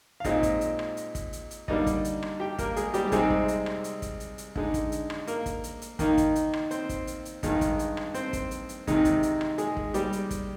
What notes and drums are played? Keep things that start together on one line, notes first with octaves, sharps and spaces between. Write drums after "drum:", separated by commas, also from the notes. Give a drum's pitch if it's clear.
F5
A#2 G#3 C4 D#4 D#5, drum: kick, hi-hat
drum: kick, hi-hat
drum: hi-hat
drum: rim click
drum: hi-hat
drum: kick, hi-hat
drum: hi-hat
drum: hi-hat
D3 G3 A#3 D4 D#4 D#5, drum: kick
drum: kick, hi-hat
drum: hi-hat
drum: rim click
G4 G5
A#3 A#4, drum: kick, hi-hat
G#3 G#4, drum: hi-hat
G3 G4, drum: hi-hat
G4
C3 G3 G#3 C4 D#4 G#4, drum: kick, hi-hat
drum: kick
drum: hi-hat
drum: rim click
drum: hi-hat
drum: kick, hi-hat
drum: hi-hat
drum: hi-hat
D3 G#3 D#4, drum: kick
drum: kick, hi-hat
drum: hi-hat
drum: rim click
A#3 A#4, drum: hi-hat
drum: kick, hi-hat
drum: hi-hat
drum: hi-hat
D#3 A#3 D#4, drum: kick, hi-hat
drum: kick, hi-hat
drum: hi-hat
drum: rim click
C4 C5, drum: hi-hat
drum: kick, hi-hat
drum: hi-hat
drum: hi-hat
G2 D#3 G#3 D#4, drum: kick, hi-hat
drum: kick, hi-hat
drum: hi-hat
drum: rim click
C4 C5, drum: hi-hat
drum: kick, hi-hat
drum: hi-hat
drum: hi-hat
C3 D#3 G#3 D#4, drum: kick, hi-hat
drum: kick, hi-hat
drum: hi-hat
drum: rim click
G#3 G#4, drum: hi-hat
drum: kick
G3 G4, drum: hi-hat
drum: hi-hat
drum: kick, hi-hat